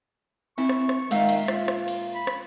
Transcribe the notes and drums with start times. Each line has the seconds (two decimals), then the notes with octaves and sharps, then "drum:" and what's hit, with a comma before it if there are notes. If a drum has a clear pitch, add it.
0.58 C4 E4 C#6
0.69 drum: rim click
0.89 drum: rim click
1.11 A#2 D#3 G#3 C4 E5 F5, drum: cymbal
1.29 drum: cymbal
1.48 F4, drum: rim click
1.68 drum: rim click
1.88 drum: cymbal
2.15 B5
2.27 drum: rim click